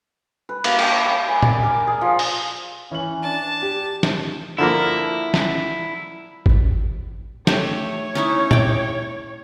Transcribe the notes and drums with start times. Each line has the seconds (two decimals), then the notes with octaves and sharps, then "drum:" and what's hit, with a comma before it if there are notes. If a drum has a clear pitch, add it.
0.49 B4
0.64 A#3, drum: cymbal
0.79 G5, drum: cymbal
1.05 B5
1.29 G#5
1.42 D5, drum: tom
1.63 A#4
1.87 G#4
2.01 F3
2.19 drum: open hi-hat
2.91 E3 C#4 F#7
3.23 D4 A5
3.62 G4
4.03 drum: snare
4.58 D3 F3 A#3 E4
5.34 drum: snare
6.46 drum: kick
7.47 A3 G4 C#5, drum: snare
8.15 C#4 D#4 E4
8.51 D5 G5, drum: tom